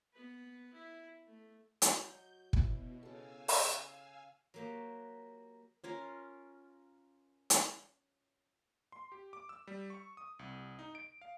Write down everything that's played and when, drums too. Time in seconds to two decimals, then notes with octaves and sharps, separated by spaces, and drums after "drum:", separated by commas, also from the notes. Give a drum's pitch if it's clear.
0.13 B3 B4
0.73 E4
1.27 A3
1.82 F#3 D#5 G6, drum: hi-hat
2.53 B2 E4, drum: kick
3.03 C#3 A4 F5 G#5 E6
3.48 drum: open hi-hat
4.54 F#3 A#3 G4
5.84 C#4 F4 A#4
7.50 drum: hi-hat
8.92 C6
9.12 G4
9.33 D6
9.49 E6
9.67 G3
9.90 C#6
10.17 D#6
10.39 C2
10.79 D#4
10.95 D7
11.21 F5